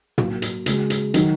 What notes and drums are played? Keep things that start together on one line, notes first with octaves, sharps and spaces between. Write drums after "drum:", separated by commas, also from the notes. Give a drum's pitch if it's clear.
F#3 A#3 F#4, drum: tom
drum: hi-hat
C#3 G#3 F#4, drum: hi-hat
drum: hi-hat
D#3 F#3 D#4 F#4, drum: hi-hat